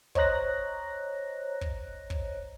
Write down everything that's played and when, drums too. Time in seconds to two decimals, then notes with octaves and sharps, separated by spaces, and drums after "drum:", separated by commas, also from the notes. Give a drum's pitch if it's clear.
0.15 C5 C#5 D#5 A#5 F#6 A#6, drum: kick
1.61 drum: kick
2.10 drum: kick